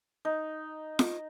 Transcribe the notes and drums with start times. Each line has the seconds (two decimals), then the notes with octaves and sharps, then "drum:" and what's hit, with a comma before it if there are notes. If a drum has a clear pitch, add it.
0.25 D#4
0.99 drum: snare F4